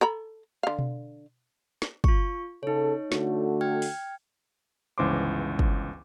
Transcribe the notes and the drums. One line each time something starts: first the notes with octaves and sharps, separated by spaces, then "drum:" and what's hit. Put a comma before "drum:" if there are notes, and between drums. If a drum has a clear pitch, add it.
A4 A#5 B5
D3 F5
drum: tom B2
drum: snare
F4 C#6, drum: kick
C#3 D#4 A4 C#5
D3 A3 F#4, drum: snare
G5 F6 G#6
drum: open hi-hat
G1 C#2 E3 C5 C6 D6
drum: kick